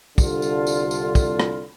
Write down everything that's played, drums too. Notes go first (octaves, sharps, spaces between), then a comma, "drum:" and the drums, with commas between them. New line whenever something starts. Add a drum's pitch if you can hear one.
C2 D3 F4, drum: kick, tambourine
drum: tambourine
drum: tambourine
drum: tambourine
drum: kick, tambourine
drum: rim click